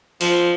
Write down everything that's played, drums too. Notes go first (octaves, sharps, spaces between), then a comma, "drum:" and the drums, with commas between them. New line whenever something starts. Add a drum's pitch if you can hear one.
F3, drum: open hi-hat